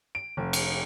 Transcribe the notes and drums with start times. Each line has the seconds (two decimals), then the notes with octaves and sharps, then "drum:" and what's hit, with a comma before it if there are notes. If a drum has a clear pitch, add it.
0.15 D7
0.37 F1
0.53 drum: cymbal